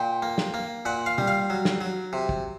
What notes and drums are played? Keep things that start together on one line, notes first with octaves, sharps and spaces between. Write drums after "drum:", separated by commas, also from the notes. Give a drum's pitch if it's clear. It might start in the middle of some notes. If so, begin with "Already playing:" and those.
Already playing: A#2 G5
A#3
drum: snare
A#3
A#2 F#5
F5
G3, drum: tom B2
F5
F#3
drum: snare
F#3
C3
drum: kick